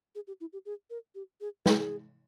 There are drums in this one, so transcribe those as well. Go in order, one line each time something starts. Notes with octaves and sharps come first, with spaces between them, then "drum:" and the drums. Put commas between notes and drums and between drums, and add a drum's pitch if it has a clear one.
G#4
G4
E4
G4
G#4
A#4
G4
G#4
G#4, drum: snare